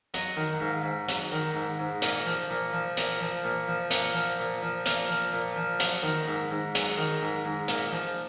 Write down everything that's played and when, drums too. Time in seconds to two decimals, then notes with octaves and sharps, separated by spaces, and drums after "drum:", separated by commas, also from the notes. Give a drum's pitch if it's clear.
0.14 F#3 D#5, drum: hi-hat
0.36 D#3
0.53 F#5
0.60 G#2 F5
0.84 G#2
1.08 F#3 F#5, drum: hi-hat
1.32 D#3
1.55 G#2
1.79 G#2
2.02 A#2, drum: hi-hat
2.26 F3
2.50 A#2
2.73 F3
2.97 A#2, drum: hi-hat
3.21 F3
3.44 A#2
3.68 F3
3.90 A#2 F#5, drum: hi-hat
4.14 F3
4.39 A#2
4.62 F3
4.85 A#2 F5, drum: hi-hat
5.09 F3
5.33 A#2
5.56 F3
5.80 F#3, drum: hi-hat
6.03 D#3
6.28 G#2
6.51 G#2
6.75 F#3 G#4, drum: hi-hat
6.98 D#3
7.22 G#2
7.46 G#2
7.68 A#2, drum: hi-hat
7.92 F3